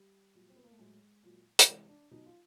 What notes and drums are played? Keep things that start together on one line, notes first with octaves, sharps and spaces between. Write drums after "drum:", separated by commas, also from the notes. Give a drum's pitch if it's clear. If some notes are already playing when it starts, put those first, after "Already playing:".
Already playing: G3
A#2 F#3
C4
B3
A#3
A3
A2 F#3 G#3
A#2 F#3
G3, drum: hi-hat
C3 E3 G#3
D4
B2 F#3 D#4
F4